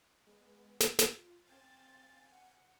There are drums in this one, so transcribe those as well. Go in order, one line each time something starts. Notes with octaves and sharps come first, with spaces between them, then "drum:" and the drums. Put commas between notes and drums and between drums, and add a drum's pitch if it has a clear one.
G#3 B3
drum: snare
drum: snare
F4
C4 F5 G#5 G6 A6
F#5